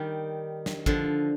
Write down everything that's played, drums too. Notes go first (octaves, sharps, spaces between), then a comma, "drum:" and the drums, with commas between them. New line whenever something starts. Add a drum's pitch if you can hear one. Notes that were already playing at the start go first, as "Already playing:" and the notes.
Already playing: D#3 G3
drum: snare
D3 F3, drum: kick